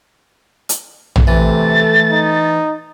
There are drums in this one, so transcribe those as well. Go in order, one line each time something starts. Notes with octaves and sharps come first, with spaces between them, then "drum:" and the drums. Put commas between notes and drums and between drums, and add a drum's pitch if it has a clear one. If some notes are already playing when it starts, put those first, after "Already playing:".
drum: hi-hat
drum: tom A#1
C3 E3 A3 A6
D#4